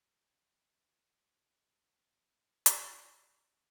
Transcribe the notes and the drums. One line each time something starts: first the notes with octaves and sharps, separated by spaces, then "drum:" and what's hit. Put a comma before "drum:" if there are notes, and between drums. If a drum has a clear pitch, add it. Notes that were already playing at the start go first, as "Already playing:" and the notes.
D#4 A#5
G4
F#4
C6 G#6
drum: hi-hat
C2 A2 C#4 D4
A#1 D3 E3
F1 C#2 G3 G#3